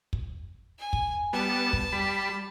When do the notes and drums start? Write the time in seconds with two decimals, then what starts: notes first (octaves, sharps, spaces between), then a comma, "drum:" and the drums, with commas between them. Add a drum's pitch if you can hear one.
0.13 drum: kick
0.79 G#5
0.93 drum: kick
1.33 G3 B3 A5
1.73 drum: kick
1.92 G3 B5